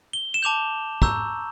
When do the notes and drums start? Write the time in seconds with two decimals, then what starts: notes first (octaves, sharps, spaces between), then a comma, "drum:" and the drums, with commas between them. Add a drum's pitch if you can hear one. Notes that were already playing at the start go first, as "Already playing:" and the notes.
0.13 G7
0.34 E7
0.43 A5 D6 G6 F7
1.02 A#5 C#6 E6 G6, drum: kick